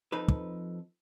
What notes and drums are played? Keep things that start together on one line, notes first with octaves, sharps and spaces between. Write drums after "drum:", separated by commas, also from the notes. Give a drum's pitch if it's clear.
F2 F3 D#4 A4 B4
drum: kick